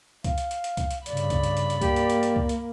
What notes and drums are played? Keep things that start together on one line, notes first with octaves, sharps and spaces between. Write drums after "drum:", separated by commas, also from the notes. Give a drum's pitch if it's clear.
F5, drum: kick C2, hi-hat
drum: hi-hat
drum: hi-hat
drum: hi-hat
drum: kick C2, hi-hat
drum: hi-hat
G2 C#3 D5 B5, drum: hi-hat
drum: hi-hat
drum: kick C2, hi-hat
drum: hi-hat
drum: hi-hat
drum: hi-hat
A#3 G4, drum: kick C2, hi-hat
drum: hi-hat
drum: hi-hat
drum: hi-hat
drum: kick C2
drum: hi-hat